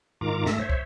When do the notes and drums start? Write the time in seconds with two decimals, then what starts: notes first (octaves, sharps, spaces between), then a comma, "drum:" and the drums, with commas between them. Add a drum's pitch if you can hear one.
0.21 G#2 D#3 F4 A#5 D6
0.46 G#2 A3 A4 E5 A#6, drum: snare
0.59 C5 C#5 E5
0.70 drum: kick